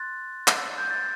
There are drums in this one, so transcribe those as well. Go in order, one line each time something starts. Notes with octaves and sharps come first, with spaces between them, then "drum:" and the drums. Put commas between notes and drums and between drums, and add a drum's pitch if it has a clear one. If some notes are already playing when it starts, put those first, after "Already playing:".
Already playing: C6 F#6 A6
drum: clap
G6
A6